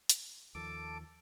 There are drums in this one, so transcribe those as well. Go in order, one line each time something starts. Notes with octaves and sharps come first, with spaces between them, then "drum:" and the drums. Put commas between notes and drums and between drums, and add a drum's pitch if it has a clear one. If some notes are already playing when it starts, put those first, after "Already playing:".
drum: hi-hat
D#2 F3 A4 A5 D6